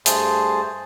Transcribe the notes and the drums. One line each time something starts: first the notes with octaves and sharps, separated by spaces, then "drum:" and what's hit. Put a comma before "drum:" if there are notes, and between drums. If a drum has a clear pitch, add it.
G2 A3 G#4 C5 A5, drum: hi-hat